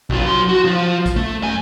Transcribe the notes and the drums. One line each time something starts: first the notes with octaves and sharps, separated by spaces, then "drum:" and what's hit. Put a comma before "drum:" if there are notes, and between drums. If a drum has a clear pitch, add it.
B1 F4, drum: kick A1
F#3 C6
F#4
F3 F4
drum: kick A1, hi-hat
A3
F#2 G#5